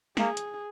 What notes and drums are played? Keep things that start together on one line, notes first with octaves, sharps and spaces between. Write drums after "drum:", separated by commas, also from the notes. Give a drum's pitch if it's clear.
A#3 G#4, drum: snare
drum: hi-hat